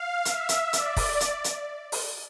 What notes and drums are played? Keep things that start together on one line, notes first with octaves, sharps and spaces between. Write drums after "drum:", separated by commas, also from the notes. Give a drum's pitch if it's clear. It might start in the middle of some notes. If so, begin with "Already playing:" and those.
Already playing: F5
E5, drum: hi-hat
drum: hi-hat
D5, drum: hi-hat
drum: kick, open hi-hat
drum: hi-hat
drum: hi-hat
drum: open hi-hat